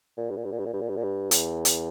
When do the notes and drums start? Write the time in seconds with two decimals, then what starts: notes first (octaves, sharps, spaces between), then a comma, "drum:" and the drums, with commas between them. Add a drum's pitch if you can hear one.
0.17 A#2
0.30 G2
0.37 A#2
0.45 G2
0.52 A#2
0.59 G2
0.66 A#2
0.73 G2
0.81 A#2
0.89 G2
0.96 A#2
1.03 G2
1.31 E2, drum: hi-hat
1.65 drum: hi-hat